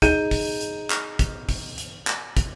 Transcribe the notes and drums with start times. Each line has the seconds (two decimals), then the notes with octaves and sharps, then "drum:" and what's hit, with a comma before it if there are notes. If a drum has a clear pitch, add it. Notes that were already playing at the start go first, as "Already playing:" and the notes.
0.02 D#4 G#4 G6 D#7, drum: kick, hi-hat
0.31 drum: kick, open hi-hat
0.61 drum: hi-hat
0.90 drum: clap
1.19 drum: kick, hi-hat
1.49 drum: kick, open hi-hat
1.78 drum: hi-hat
2.07 drum: clap
2.37 drum: kick, hi-hat